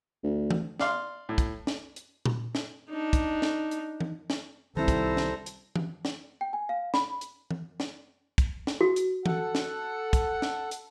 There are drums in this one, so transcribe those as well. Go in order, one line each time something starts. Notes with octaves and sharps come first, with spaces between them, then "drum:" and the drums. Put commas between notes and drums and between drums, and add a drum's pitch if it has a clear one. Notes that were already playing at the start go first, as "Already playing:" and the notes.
D2
drum: tom E3
D5 F5 C6, drum: snare
A2
drum: kick, hi-hat
drum: snare
drum: hi-hat
drum: tom A#2
drum: snare
D4 D#4
drum: kick, hi-hat
drum: snare
drum: hi-hat
drum: tom E3
drum: snare
C2 D#3 G3 C4 E4 A4 C5 A#5
drum: kick, hi-hat
drum: snare
drum: hi-hat
drum: tom E3
drum: snare
G5
G#5
F5
B5, drum: snare
drum: hi-hat
drum: tom E3
drum: snare
drum: kick, hi-hat
drum: snare
F#4
drum: hi-hat
A4 F#5, drum: tom E3
drum: snare
drum: kick, hi-hat
drum: snare
drum: hi-hat